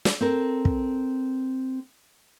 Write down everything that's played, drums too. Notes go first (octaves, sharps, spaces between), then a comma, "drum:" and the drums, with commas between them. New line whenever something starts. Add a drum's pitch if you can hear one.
drum: snare
C4 A4 A#4
drum: kick